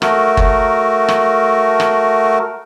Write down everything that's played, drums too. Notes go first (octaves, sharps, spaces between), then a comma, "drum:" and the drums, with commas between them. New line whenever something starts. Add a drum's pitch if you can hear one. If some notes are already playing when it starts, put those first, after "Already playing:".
A3 F#4 A#4, drum: rim click
drum: kick
drum: rim click
drum: rim click